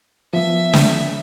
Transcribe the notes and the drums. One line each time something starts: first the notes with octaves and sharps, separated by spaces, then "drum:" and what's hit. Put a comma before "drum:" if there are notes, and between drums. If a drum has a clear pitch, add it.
F3 B3 E5
drum: snare